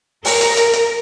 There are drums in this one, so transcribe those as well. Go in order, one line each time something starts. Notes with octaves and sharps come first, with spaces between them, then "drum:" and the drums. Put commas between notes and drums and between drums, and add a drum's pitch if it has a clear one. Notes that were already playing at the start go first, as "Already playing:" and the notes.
A#4, drum: open hi-hat
drum: hi-hat
drum: hi-hat
drum: hi-hat